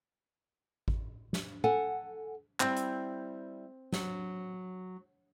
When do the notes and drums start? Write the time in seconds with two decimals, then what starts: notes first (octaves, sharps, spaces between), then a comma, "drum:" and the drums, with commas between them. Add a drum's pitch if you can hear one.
0.88 drum: kick G#1
1.33 drum: snare
1.64 A4 F#5 G#5
2.60 G3 C4 E4, drum: clap
2.77 drum: hi-hat
3.92 F#3, drum: snare